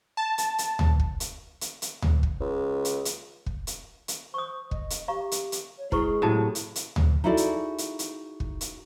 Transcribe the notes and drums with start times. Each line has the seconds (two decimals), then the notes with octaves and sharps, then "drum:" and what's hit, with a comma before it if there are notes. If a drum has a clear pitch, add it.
0.17 A5
0.38 drum: hi-hat
0.58 drum: hi-hat
0.79 drum: tom D2
1.00 drum: kick
1.20 drum: hi-hat
1.61 drum: hi-hat
1.82 drum: hi-hat
2.02 drum: tom D2
2.23 drum: kick
2.40 C#2
2.85 drum: hi-hat
3.05 drum: hi-hat
3.46 drum: kick
3.67 drum: hi-hat
4.08 drum: hi-hat
4.34 C5 C#6 D#6
4.71 D#5, drum: kick
4.90 drum: hi-hat
5.08 G4 F5 A#5 C#6
5.32 drum: hi-hat
5.52 drum: hi-hat
5.78 C#5
5.92 G#3 E4 G#4 B4 C#6, drum: kick
6.22 A2 C3 F#3 A5 D#6
6.55 drum: hi-hat
6.76 drum: hi-hat
6.96 drum: tom D2
7.24 D#4 E4 F#4 G#4 A4 D5
7.37 drum: hi-hat
7.78 drum: hi-hat
7.99 drum: hi-hat
8.40 drum: kick
8.61 drum: hi-hat